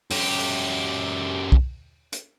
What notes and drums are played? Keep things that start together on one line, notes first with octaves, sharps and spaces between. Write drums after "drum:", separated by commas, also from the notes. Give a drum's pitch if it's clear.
F#2 G4, drum: open hi-hat
drum: kick
drum: hi-hat